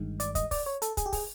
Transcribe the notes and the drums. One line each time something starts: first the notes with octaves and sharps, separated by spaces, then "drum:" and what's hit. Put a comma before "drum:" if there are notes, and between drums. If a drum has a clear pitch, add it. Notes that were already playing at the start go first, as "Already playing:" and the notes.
Already playing: G1 G2 D#3 G#3
D5, drum: hi-hat
D#5, drum: kick, hi-hat
D5, drum: kick, open hi-hat
C#5
A4, drum: hi-hat
G#4, drum: kick, hi-hat
G4
G#4, drum: kick, open hi-hat